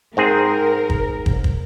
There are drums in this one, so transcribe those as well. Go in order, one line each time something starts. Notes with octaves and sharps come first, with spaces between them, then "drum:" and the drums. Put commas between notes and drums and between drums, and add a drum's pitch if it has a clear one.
G#2 C4 G#4 A#4
drum: kick
drum: kick
drum: kick